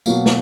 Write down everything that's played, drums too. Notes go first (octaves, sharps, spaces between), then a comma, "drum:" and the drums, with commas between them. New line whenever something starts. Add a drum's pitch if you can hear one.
B2 F#3 A#3, drum: tambourine
drum: snare